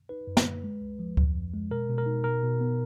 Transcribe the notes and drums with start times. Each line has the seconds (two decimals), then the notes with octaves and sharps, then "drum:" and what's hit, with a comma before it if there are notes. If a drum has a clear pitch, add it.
0.09 D#4 B4
0.27 F#2
0.37 drum: snare
0.46 A#3
0.64 G#3
0.81 C#2
0.99 F3
1.17 F2, drum: kick D2
1.35 F2
1.54 G#3
1.71 B2 A#4
1.89 B2
1.98 A#4
2.06 D#4
2.24 B2 A#4
2.43 B2
2.61 B3